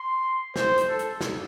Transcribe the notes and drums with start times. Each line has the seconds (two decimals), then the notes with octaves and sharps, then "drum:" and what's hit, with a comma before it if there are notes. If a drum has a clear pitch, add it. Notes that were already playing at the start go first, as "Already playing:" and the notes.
Already playing: C6
0.56 C5, drum: snare
0.77 drum: hi-hat
0.88 A4
0.99 drum: hi-hat
1.21 drum: snare